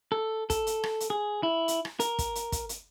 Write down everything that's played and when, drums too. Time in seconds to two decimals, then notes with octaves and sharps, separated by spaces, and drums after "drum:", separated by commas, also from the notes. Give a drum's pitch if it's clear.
0.12 A4
0.50 A4, drum: kick, hi-hat
0.67 drum: hi-hat
0.84 drum: rim click
1.00 drum: hi-hat
1.10 G#4
1.43 E4
1.68 drum: hi-hat
1.85 drum: rim click
2.00 A#4, drum: hi-hat
2.19 drum: kick, hi-hat
2.35 drum: hi-hat
2.52 drum: kick, hi-hat
2.69 drum: hi-hat